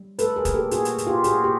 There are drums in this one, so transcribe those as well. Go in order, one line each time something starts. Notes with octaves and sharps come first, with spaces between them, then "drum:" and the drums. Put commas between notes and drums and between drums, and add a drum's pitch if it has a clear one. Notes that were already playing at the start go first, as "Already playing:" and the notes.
Already playing: G3
A3 A4 B4, drum: hi-hat
G#4 A#4
A#2, drum: kick, hi-hat
G4 A4
A#2 F#4 G#4, drum: hi-hat
drum: hi-hat
A#2, drum: hi-hat
F4 G4
A#2 F#4 G#4, drum: hi-hat
G4